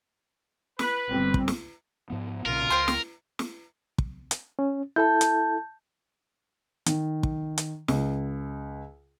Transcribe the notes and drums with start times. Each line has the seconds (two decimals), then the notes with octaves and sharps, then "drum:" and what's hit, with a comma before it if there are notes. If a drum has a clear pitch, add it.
0.79 B4, drum: snare
1.09 G1 G3 C4
1.34 drum: kick
1.48 drum: snare
2.10 G#2 F3 B3
2.46 B1 A#2 C#3 F4 A#4
2.70 C#2 C5 G5 C6
2.88 drum: snare
3.39 drum: snare
3.98 drum: kick
4.31 drum: hi-hat
4.59 C#4
4.96 E4 A4 A5 G6
5.21 drum: hi-hat
6.86 D#3, drum: hi-hat
7.23 drum: kick
7.58 drum: hi-hat
7.88 C#2, drum: snare